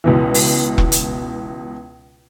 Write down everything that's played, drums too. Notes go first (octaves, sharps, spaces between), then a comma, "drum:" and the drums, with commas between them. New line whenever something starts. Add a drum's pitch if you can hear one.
C#2 B2 E3
drum: open hi-hat
drum: kick E1
drum: hi-hat